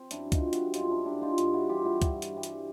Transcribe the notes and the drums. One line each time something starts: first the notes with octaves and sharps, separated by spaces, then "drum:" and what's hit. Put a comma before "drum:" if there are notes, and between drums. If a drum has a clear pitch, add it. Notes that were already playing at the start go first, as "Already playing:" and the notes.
Already playing: C4
F#2 D4 E4, drum: hi-hat
D#4 F4, drum: kick C#2, hi-hat
D3 G3
E4 F#4, drum: hi-hat
F#2 D#4 F4, drum: hi-hat
D4 E4
D3 G3 D4 E4
D#4 F4
G2, drum: hi-hat
E4 F#4
E3 G3 F4 G4
E4 F#4
G2, drum: kick C#2, hi-hat
drum: hi-hat
E3 G3
drum: hi-hat